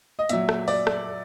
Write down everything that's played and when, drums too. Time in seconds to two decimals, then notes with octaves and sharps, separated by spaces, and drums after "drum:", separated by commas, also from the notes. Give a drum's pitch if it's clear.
0.19 D#5
0.29 A#2 F#3 E5, drum: hi-hat
0.49 drum: rim click
0.68 D5, drum: open hi-hat
0.87 drum: rim click